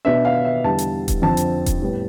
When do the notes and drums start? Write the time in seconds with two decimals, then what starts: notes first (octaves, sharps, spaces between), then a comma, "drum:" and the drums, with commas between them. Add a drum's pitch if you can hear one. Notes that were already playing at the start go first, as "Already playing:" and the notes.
0.05 B2 B3 D4 E5
0.25 F5
0.45 E5
0.64 E2 D3 G3 A5
0.78 drum: hi-hat
1.08 drum: kick D#1, hi-hat
1.22 F2 D3 F3 C4 A5
1.37 drum: hi-hat
1.66 drum: kick D#1, hi-hat
1.82 A2 G3 B3